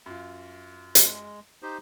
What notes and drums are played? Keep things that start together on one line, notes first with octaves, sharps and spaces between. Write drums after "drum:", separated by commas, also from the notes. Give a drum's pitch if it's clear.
F#2 F4
drum: hi-hat
G#3
D#4 G4 C5